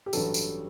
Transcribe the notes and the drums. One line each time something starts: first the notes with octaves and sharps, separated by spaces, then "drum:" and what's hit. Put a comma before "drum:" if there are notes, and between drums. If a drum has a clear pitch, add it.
G4
A1 G2 F#3 A4, drum: tambourine
drum: tambourine